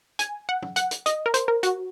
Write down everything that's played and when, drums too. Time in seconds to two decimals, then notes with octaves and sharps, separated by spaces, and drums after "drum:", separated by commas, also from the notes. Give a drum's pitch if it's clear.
0.19 G#5, drum: hi-hat
0.49 F#5
0.62 drum: tom
0.76 F#5, drum: hi-hat
0.91 drum: hi-hat
1.06 D#5, drum: hi-hat
1.26 A#4
1.34 C5, drum: hi-hat
1.48 A#4
1.63 F#4, drum: hi-hat